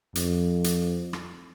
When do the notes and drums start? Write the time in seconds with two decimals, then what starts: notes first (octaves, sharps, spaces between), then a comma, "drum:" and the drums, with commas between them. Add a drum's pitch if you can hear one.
0.15 F2, drum: hi-hat
0.64 drum: hi-hat
1.13 drum: rim click